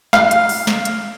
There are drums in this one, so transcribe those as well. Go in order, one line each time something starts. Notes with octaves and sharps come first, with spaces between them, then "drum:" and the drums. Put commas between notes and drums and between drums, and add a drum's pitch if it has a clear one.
F5, drum: snare
drum: hi-hat
drum: open hi-hat
drum: snare
drum: hi-hat